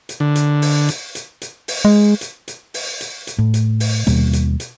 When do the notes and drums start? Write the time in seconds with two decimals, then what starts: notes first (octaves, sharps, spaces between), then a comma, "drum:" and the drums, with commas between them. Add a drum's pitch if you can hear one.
0.09 drum: hi-hat
0.20 D3
0.35 drum: hi-hat
0.62 drum: open hi-hat
0.88 drum: hi-hat
1.15 drum: hi-hat
1.42 drum: hi-hat
1.68 drum: open hi-hat
1.85 G#3
2.21 drum: hi-hat
2.48 drum: hi-hat
2.74 drum: open hi-hat
3.01 drum: hi-hat
3.27 drum: hi-hat
3.38 A2
3.54 drum: hi-hat
3.80 drum: open hi-hat
4.07 D#2 B2 G3 A#3, drum: hi-hat
4.33 drum: hi-hat
4.60 drum: hi-hat